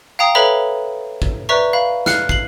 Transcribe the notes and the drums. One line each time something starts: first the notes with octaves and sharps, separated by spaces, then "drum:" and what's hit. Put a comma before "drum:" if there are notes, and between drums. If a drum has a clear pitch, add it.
F5 G5 A#5 D#6 C7
A4 B4 C#5 E5 A#5 B5
drum: kick
B4 C5 D5 E5 A#5 C#6
F5 B5
F6 F#6 C7 C#7, drum: snare
C7 F#7, drum: kick